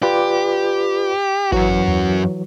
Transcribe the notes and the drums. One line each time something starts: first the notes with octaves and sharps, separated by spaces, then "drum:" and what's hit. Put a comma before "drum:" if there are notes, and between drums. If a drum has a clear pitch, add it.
F4 G4 B4 D5
F#2 E3 F#3 F#4, drum: kick G#1
drum: tom D#2